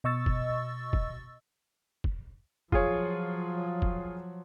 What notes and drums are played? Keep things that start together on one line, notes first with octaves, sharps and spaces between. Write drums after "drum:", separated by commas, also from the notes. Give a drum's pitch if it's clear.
B2 D#5 C#6 E6 A6
drum: kick
drum: kick
drum: kick
F3 F#3 F4 G#4 C#5, drum: kick
drum: kick